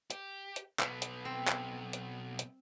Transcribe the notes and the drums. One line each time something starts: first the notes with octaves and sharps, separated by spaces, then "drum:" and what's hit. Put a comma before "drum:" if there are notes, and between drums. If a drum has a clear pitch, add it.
G4, drum: hi-hat
drum: hi-hat
B1 B3, drum: clap
drum: hi-hat
C4
drum: clap
drum: hi-hat
drum: hi-hat